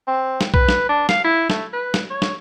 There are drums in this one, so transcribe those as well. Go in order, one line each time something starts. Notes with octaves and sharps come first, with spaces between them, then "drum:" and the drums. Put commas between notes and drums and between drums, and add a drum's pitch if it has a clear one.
C4
drum: snare
B4, drum: kick B1
drum: snare
D4
F5, drum: snare
E4
A3, drum: snare
B4
drum: snare
C#5
drum: snare